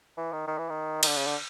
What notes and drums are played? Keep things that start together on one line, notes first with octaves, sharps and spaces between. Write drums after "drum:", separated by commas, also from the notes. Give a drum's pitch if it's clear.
E3
D#3
D#3
E3
D#3
D#3, drum: cymbal
D3
C#3
D3